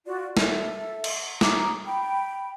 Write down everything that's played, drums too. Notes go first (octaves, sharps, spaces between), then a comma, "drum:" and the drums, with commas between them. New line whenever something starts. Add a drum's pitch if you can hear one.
F4 F#4 D5
A4 E5, drum: snare
drum: cymbal
A#5 D6 D#6, drum: snare
G5 B5